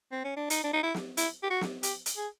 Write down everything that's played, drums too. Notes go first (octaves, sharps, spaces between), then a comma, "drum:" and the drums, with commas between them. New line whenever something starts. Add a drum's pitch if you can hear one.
C4
C#4
D4
D#4, drum: hi-hat
D4
D#4
E4
drum: snare
E4, drum: hi-hat
G4
F#4
drum: snare
G4, drum: hi-hat
drum: hi-hat
G#4